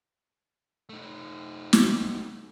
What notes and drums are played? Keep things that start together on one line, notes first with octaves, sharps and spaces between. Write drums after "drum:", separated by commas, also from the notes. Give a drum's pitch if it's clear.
A3 D#4
drum: snare